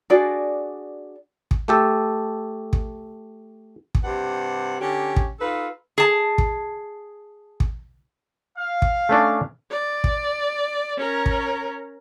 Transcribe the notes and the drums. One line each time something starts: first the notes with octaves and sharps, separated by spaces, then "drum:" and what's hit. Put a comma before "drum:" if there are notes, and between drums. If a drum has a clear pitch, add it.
D4 F#4 G#4 D5
drum: kick
A3 G4 A4
drum: kick
drum: kick
G2 C3 F#5
D3 C#4 G4
drum: kick
D#4 F4 A4 B4
G#4 A5
drum: kick
drum: kick
F5
drum: kick
A3 C#4 D4
D5
drum: kick
C#4 A#4
drum: kick